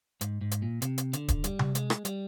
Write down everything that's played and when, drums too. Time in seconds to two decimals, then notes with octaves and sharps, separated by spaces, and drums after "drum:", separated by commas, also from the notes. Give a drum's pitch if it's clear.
0.21 G#2, drum: hi-hat
0.41 G#2
0.51 drum: hi-hat
0.62 A#2
0.82 C3, drum: hi-hat
0.98 drum: hi-hat
1.13 D3, drum: hi-hat
1.28 drum: kick D1, hi-hat
1.44 G3, drum: hi-hat
1.59 drum: tom C3
1.75 G#3, drum: hi-hat
1.90 drum: rim click
2.05 G3, drum: hi-hat